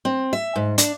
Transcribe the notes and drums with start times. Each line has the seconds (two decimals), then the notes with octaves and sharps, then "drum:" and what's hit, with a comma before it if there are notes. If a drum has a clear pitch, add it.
0.05 C4
0.33 E5
0.56 G#2
0.78 D4, drum: hi-hat